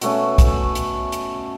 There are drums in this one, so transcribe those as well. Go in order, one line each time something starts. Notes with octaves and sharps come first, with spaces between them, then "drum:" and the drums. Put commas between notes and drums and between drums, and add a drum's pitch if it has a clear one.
B2 A3 C#4, drum: hi-hat
drum: kick, hi-hat
drum: hi-hat
drum: hi-hat